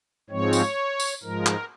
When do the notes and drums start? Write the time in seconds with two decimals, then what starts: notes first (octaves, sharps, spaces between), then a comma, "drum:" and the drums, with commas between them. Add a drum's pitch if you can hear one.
0.30 G#2 F3 G#3 C4 C#5
0.53 drum: tambourine
1.00 drum: tambourine
1.23 G#2 F3 G#3 A#4
1.46 drum: clap